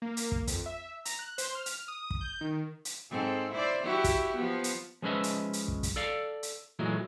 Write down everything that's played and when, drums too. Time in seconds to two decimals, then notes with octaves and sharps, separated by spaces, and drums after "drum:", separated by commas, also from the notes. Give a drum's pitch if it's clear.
0.02 A#3
0.17 drum: hi-hat
0.32 drum: kick
0.47 F2, drum: kick, hi-hat
0.66 E5
1.05 A#5, drum: hi-hat
1.19 F#6
1.38 C5, drum: hi-hat
1.55 F6
1.66 drum: hi-hat
1.88 D#6
2.10 drum: kick
2.21 G6
2.41 D#3
2.85 drum: hi-hat
3.10 G#2 C4 A4
3.52 E4 C5 D5
3.83 E4 F#4 G4
4.04 drum: kick, hi-hat
4.36 F3 B3
4.64 drum: hi-hat
5.02 F3 G#3 C#4 B4 D#5 E5
5.23 drum: hi-hat
5.53 drum: hi-hat
5.68 drum: kick
5.83 drum: kick, hi-hat
5.96 A4 D5 F5
6.43 drum: hi-hat
6.79 A#2 E3 F#3 G#3 A3